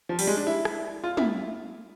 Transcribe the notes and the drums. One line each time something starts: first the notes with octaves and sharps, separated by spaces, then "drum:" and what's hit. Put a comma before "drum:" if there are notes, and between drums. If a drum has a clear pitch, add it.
F3
G3, drum: open hi-hat
G#3
D4
E4
drum: rim click
F4
E4, drum: tom